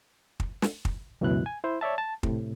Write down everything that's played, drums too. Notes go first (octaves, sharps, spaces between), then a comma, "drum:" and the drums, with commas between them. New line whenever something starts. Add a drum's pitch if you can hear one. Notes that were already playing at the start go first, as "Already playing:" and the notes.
drum: kick
drum: snare
drum: kick
C#2 F#2 B2 E3 E4 F#6
G#5
E4 C5
C#5 D5 E5 A5
A5
A2 C3, drum: kick